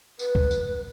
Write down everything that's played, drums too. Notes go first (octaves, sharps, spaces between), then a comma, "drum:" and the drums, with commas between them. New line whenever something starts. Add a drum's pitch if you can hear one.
B4, drum: tambourine
drum: kick C#2
drum: tambourine